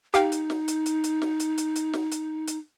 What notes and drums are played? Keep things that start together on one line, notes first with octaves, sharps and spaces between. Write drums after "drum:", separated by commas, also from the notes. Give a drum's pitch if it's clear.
D#4 G4 F5 G5, drum: hi-hat
drum: hi-hat
drum: snare
drum: hi-hat
drum: hi-hat
drum: hi-hat
drum: snare
drum: hi-hat
drum: hi-hat
drum: hi-hat
drum: snare
drum: hi-hat
drum: hi-hat